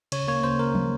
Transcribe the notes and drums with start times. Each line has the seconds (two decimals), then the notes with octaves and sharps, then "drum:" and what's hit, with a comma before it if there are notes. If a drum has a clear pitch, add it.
0.12 C#3 C#5, drum: cymbal
0.28 A#3 C#5
0.44 C#3 C5
0.59 C#3 A#4
0.75 A#3, drum: tom